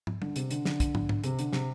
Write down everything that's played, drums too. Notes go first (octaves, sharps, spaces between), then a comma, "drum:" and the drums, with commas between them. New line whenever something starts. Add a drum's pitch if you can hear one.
drum: tom
D3, drum: tom
C3, drum: hi-hat
D3, drum: hi-hat
D3, drum: snare
drum: kick, hi-hat
drum: tom
drum: tom G#2
C3, drum: hi-hat
D3, drum: hi-hat
C3, drum: snare